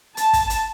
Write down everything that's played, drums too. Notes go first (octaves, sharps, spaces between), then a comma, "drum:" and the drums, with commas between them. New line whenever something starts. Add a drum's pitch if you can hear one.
A5, drum: hi-hat
drum: kick, hi-hat
drum: hi-hat